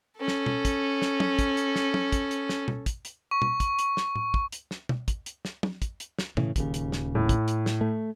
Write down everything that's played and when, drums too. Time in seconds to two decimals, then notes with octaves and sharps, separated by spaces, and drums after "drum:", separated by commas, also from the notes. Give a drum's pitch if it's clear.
0.18 C#4 A4
0.28 drum: snare
0.46 drum: tom B2
0.65 drum: kick, hi-hat
1.02 drum: snare
1.20 drum: tom
1.39 drum: kick, hi-hat
1.57 drum: hi-hat
1.76 drum: snare
1.94 drum: tom
2.12 drum: kick, hi-hat
2.31 drum: hi-hat
2.49 drum: snare
2.68 drum: tom B2
2.86 drum: kick, hi-hat
3.05 drum: hi-hat
3.31 C#6
3.42 drum: tom B2
3.60 drum: kick, hi-hat
3.79 drum: hi-hat
3.97 drum: snare
4.16 drum: tom A2
4.34 drum: kick
4.52 drum: hi-hat
4.71 drum: snare
4.89 drum: tom
5.08 drum: kick, hi-hat
5.26 drum: hi-hat
5.45 drum: snare
5.63 drum: tom
5.82 drum: kick, hi-hat
6.00 drum: hi-hat
6.19 drum: snare
6.37 A2 C#3 E3, drum: tom
6.56 D#1 D#2 C#3, drum: kick, hi-hat
6.74 drum: hi-hat
6.92 drum: snare
7.15 A2
7.29 drum: kick, hi-hat
7.48 drum: hi-hat
7.66 drum: snare
7.81 A3